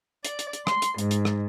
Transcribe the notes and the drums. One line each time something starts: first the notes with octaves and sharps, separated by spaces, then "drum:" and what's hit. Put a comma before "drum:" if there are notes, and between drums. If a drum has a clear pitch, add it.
D5, drum: hi-hat
drum: hi-hat
drum: hi-hat
C6, drum: rim click
drum: hi-hat
G#2, drum: hi-hat
drum: hi-hat
drum: rim click